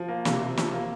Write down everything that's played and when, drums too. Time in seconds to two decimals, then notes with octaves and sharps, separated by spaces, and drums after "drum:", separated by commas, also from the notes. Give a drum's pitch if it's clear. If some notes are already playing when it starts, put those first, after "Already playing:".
Already playing: F3
0.08 A#3
0.25 C3, drum: snare
0.41 C3
0.57 F3, drum: snare
0.73 A#3